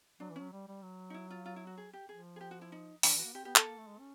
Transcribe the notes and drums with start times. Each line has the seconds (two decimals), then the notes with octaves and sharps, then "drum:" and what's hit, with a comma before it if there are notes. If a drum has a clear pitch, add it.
0.20 F#3 D4
0.30 E3
0.36 C#4
0.41 F#3
0.52 G3
0.68 G3
0.82 F#3
1.10 D#4
1.14 E4
1.30 F4
1.46 F4
1.56 E4
1.67 F#4
1.78 G#4
1.93 G4
2.09 F3 G#4
2.36 G#4
2.41 G4
2.51 F#4
2.61 E4
2.72 D#4
3.03 E3 D4, drum: open hi-hat
3.14 E3
3.19 F#4
3.25 A#3
3.35 C4 G4
3.45 B3 G4
3.56 B3 A4, drum: clap
3.67 A#3
3.77 A3
3.87 G#3
3.99 C#4